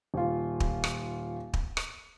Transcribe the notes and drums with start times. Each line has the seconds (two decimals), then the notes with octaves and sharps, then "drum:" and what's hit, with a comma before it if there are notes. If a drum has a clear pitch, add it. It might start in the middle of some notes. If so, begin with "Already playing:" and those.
0.14 D#1 F4
0.60 drum: kick
0.84 drum: rim click
1.54 drum: kick
1.77 drum: rim click